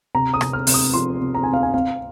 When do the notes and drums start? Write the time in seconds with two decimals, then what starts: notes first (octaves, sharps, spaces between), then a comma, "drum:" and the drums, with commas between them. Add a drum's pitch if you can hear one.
0.15 C3 A#5
0.34 D#6
0.41 C3, drum: rim click
0.53 F6
0.67 C3, drum: open hi-hat
0.74 D#6
0.94 F3 C6
1.21 C3
1.35 A#5
1.43 C4 G#5
1.54 F5
1.63 G#5
1.74 C4 F5